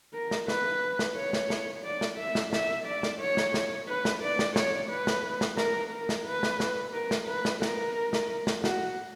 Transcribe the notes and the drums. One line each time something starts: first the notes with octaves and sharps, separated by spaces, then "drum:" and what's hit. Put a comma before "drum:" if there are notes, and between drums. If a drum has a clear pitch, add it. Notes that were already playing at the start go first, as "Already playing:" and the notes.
A#4
drum: snare
B4, drum: snare
drum: snare
C#5
drum: snare
drum: snare
D5
drum: snare
E5
drum: snare
E5, drum: snare
D5
drum: snare
C#5
drum: snare
drum: snare
B4
drum: snare
D5
drum: snare
C#5, drum: snare
B4
drum: snare
drum: snare
A#4, drum: snare
A#4
drum: snare
B4
drum: snare
drum: snare
A#4
drum: snare
B4
drum: snare
A#4, drum: snare
drum: snare
drum: snare
F#4, drum: snare